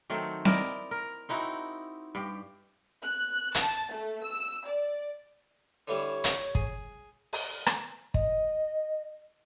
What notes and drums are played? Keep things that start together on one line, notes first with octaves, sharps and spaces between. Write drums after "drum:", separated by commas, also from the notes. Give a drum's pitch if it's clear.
D#3 F#3 A3 C4
E4 A#4 D5 D#5, drum: snare C4
A#4
C4 D#4 E4 F#4
G2 G4
F#6
A5, drum: hi-hat
A3
E6
D5
D3 E3 G3 C#5
drum: hi-hat
G#4, drum: kick
drum: open hi-hat
drum: rim click
D#5, drum: kick